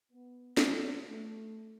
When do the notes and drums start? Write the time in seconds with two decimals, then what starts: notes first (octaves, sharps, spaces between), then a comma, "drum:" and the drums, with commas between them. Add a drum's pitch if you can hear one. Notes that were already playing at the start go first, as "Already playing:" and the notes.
0.12 B3
0.57 drum: snare
0.76 A2
1.06 A3